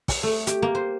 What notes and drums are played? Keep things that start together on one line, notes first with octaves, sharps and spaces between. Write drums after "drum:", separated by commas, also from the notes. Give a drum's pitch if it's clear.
drum: kick, open hi-hat
A3
G4, drum: hi-hat
A#3
C5